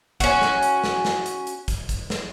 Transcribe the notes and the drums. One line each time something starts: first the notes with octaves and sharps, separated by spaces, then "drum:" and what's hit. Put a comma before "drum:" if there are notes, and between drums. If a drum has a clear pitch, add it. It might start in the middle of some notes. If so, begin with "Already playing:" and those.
C#4 F#4, drum: kick, hi-hat
drum: snare
drum: hi-hat
drum: snare
drum: snare
drum: hi-hat
drum: hi-hat
drum: kick, hi-hat
drum: kick, hi-hat
drum: snare